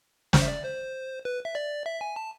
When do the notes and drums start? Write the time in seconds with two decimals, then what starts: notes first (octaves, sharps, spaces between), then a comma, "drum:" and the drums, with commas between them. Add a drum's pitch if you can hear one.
0.33 C5, drum: snare
0.42 E5
0.48 D5
0.64 C5
1.25 B4
1.45 E5
1.55 D5
1.86 E5
2.01 G#5
2.16 A5